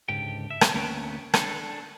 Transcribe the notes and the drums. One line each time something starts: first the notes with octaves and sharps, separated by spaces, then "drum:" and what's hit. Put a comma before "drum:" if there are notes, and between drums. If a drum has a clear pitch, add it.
C#2 G#2 D3 G4 G5
E5
drum: rim click
D2 A#3 B3 C#4 B4 G5
D4 A4, drum: rim click